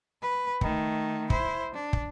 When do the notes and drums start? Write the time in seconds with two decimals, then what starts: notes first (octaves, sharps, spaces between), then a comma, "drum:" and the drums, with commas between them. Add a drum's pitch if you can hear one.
0.22 B4
0.61 D#3 A3, drum: kick
1.30 E4 C5, drum: kick
1.74 D4
1.93 drum: kick